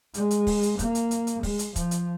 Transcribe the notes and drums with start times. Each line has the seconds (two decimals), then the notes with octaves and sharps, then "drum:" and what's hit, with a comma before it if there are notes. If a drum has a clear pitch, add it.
0.14 G#3, drum: hi-hat
0.31 drum: hi-hat
0.47 drum: kick, open hi-hat
0.63 drum: hi-hat
0.79 A#3, drum: kick, hi-hat
0.95 drum: hi-hat
1.11 drum: hi-hat
1.27 drum: hi-hat
1.43 G#3, drum: kick, open hi-hat
1.59 drum: hi-hat
1.76 F3, drum: kick, hi-hat
1.91 drum: hi-hat